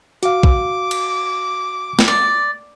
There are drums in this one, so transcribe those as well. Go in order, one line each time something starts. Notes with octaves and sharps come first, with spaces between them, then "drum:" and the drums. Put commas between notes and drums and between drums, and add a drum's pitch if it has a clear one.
F#4 F5 D6, drum: hi-hat
drum: kick
drum: cymbal
drum: snare
D5